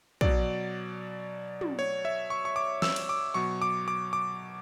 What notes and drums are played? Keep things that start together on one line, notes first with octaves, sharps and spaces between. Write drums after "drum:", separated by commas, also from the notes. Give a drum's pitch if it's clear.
B2 F#3 D5, drum: kick
drum: tom
C#5
E5
C#6
C#6
D6
E6, drum: snare
drum: cymbal
D6
B2 F#3 C#6
D6
D6
D6